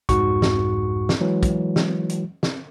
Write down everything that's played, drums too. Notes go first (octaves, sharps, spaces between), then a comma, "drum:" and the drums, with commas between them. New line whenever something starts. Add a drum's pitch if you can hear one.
C2 F2 G#2 F#4 C#6, drum: kick, hi-hat
drum: snare
drum: snare
E3 F#3 G#3
drum: kick, hi-hat
drum: snare
drum: hi-hat
drum: snare